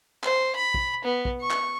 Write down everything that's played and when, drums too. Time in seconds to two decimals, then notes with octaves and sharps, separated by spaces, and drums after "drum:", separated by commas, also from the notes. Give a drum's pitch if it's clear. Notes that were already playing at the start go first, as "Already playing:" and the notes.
0.23 C5, drum: clap
0.56 B5
0.74 drum: kick
1.05 B3
1.25 drum: kick
1.41 C#6
1.51 drum: clap